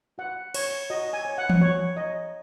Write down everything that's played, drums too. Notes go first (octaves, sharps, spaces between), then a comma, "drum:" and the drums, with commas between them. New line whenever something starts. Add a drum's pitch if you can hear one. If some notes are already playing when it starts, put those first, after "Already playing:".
F#4 F#5
C#5, drum: cymbal
F#4 D#5
G#5
C#5
F#5
drum: tom E3
F#4 C#5
C#5 D#5